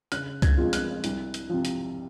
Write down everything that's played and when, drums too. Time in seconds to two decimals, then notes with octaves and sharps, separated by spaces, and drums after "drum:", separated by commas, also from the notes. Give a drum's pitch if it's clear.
0.12 C#3 F#6, drum: hi-hat
0.42 G#6, drum: kick C2, hi-hat
0.57 F3 G#3 C4 F4
0.73 F#6, drum: hi-hat
1.04 C2, drum: hi-hat
1.34 drum: hi-hat
1.50 C3 F3
1.65 drum: hi-hat